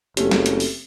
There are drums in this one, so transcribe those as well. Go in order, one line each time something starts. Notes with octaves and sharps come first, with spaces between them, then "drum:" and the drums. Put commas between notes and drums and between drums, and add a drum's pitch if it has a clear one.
F#1 A3 C4 C#4 G4 A4, drum: hi-hat
drum: snare
drum: hi-hat
drum: open hi-hat